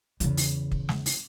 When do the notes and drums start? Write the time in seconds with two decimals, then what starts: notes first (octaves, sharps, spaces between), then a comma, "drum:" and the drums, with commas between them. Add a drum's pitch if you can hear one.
0.20 E2 C#3, drum: hi-hat
0.37 drum: open hi-hat
0.72 drum: kick
0.89 drum: snare
1.06 drum: open hi-hat